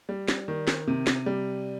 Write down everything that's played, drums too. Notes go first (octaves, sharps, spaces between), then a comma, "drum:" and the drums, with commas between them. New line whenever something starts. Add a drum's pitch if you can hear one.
G3
drum: snare
D#3
drum: snare
C3
drum: snare
G3